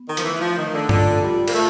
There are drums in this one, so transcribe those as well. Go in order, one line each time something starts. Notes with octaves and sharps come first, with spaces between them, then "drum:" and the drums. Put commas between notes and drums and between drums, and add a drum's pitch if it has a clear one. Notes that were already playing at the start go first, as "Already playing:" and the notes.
Already playing: B3
D#3
F3, drum: hi-hat
E3 A3
F3
D#3 A3
D3
D3 F4, drum: tom G2
G3 F4
A#3, drum: cymbal
A3 A#4